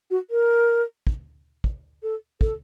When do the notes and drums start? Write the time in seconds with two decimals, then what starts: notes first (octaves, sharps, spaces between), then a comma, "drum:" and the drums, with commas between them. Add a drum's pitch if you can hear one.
0.11 F#4
0.31 A#4
1.07 drum: kick
1.64 drum: kick
2.03 A4
2.41 A4, drum: kick